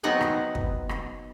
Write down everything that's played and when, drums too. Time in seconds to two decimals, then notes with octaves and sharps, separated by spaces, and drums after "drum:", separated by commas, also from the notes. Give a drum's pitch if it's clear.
0.03 F#3 B3 C4 D#4 F#5 G#5
0.21 drum: rim click
0.55 drum: kick
0.89 drum: rim click